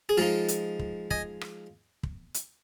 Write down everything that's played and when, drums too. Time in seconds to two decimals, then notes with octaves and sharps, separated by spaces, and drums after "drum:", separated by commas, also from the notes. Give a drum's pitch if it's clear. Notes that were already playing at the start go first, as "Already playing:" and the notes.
0.09 G#4
0.17 F3 G#3 D#4 F4
0.48 drum: hi-hat
0.79 drum: kick
1.11 D#5 G#5, drum: kick
1.41 drum: rim click
2.03 drum: kick
2.34 drum: hi-hat